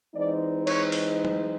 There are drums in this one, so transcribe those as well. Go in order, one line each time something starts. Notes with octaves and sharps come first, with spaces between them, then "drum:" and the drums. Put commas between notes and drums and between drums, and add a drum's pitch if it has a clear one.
E3 G#3 C4 D#4 D5
C#5, drum: cymbal
drum: open hi-hat
drum: tom F#3